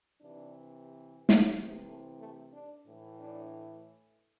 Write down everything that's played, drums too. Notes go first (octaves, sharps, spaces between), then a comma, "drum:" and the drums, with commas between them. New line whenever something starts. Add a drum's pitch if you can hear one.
C3 E3 D4
drum: snare
C3 E3
A3
A3
D4
A2 E3
D4